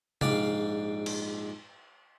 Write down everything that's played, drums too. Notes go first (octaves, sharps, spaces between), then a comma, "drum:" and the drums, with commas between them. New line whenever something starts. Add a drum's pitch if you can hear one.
A#1 G#2 G4 D5 F5, drum: tom C3
drum: cymbal